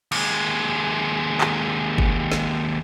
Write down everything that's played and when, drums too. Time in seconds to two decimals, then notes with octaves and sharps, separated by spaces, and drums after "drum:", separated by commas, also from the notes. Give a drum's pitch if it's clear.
0.12 D#2 G#3, drum: cymbal
1.41 drum: clap
1.98 drum: kick G1
2.32 drum: snare